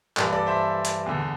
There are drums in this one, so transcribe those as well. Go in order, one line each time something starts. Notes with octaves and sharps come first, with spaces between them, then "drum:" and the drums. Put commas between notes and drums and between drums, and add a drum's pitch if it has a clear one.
G2 E3 A4 D5, drum: clap
A4 D5
C5 E5
drum: hi-hat
E2 D3